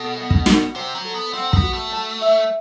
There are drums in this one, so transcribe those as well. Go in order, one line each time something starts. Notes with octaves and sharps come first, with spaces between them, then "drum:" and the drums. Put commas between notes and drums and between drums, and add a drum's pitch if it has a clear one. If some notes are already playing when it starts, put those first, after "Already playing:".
Already playing: B2 A4
F#5
drum: kick
F#4, drum: snare
C3 C5
F#3
A4
B3
C4 F#5
B3, drum: kick
F#4
A3
A5
E5